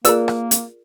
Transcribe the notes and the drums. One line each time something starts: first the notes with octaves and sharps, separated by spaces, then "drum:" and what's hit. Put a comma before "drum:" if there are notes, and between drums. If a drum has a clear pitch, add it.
A#3 F4 G#4 A#4 B4 D5 E6, drum: hi-hat
drum: rim click
drum: hi-hat